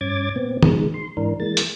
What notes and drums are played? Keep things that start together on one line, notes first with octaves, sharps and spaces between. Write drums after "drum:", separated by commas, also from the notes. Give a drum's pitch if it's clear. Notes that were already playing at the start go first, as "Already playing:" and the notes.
G2 C#4 D6 G#6 A6
A#2 B3 C4
D#3 G#3, drum: tom
C6
G#2 E3 D4 A#4
E3 G#3 A#3 A6
drum: hi-hat